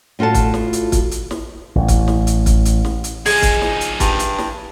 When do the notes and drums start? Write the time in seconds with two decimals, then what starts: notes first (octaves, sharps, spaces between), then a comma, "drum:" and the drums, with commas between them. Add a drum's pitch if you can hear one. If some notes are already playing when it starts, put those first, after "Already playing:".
0.19 A2 F4 F#4 A4 A5
0.34 drum: kick, hi-hat
0.54 drum: snare
0.73 drum: hi-hat
0.92 drum: kick, hi-hat
1.11 drum: hi-hat
1.31 drum: snare
1.76 A1
1.88 drum: kick, hi-hat
2.08 drum: snare
2.27 drum: hi-hat
2.46 drum: kick, hi-hat
2.65 drum: hi-hat
2.85 drum: snare
3.04 drum: hi-hat
3.26 F3 D#4 G#4, drum: open hi-hat
3.42 drum: kick, hi-hat
3.62 drum: snare
3.81 drum: hi-hat
4.00 G2, drum: kick, hi-hat
4.19 drum: hi-hat
4.39 drum: snare